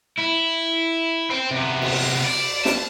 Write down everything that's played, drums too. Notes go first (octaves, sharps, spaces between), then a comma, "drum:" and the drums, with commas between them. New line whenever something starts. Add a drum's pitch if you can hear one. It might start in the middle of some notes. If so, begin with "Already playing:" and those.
E4
C5 G5
C3 B3
drum: cymbal
D5
A5, drum: snare